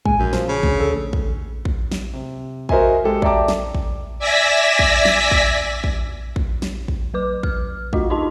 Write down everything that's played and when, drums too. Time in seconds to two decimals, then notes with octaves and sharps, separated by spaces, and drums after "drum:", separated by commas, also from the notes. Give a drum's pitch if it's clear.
0.05 A2 G#3 G#5, drum: kick
0.19 A#1 F#2 G#5
0.33 F3, drum: snare
0.48 C#3
0.63 D2, drum: kick
0.80 A4
1.13 drum: kick
1.65 drum: kick
1.92 drum: snare
2.13 C3
2.69 F#4 A#4 C5 D#5 E5 G#5, drum: kick
3.04 G#3 G4 A4
3.22 D5 E5 G5 A5 A#5 D6, drum: kick
3.48 drum: snare
3.75 drum: kick
4.19 D5 E5 G#5 E6 A#6 B6
4.79 drum: kick
5.05 drum: snare
5.31 drum: kick
5.84 drum: kick
6.36 drum: kick
6.62 drum: snare
6.88 drum: kick
7.14 F#3 B4 D6
7.43 F6, drum: kick
7.93 A3 D4 F4 F#4 D#5, drum: kick
8.10 D#4 F4 G4 D#5 A5 C6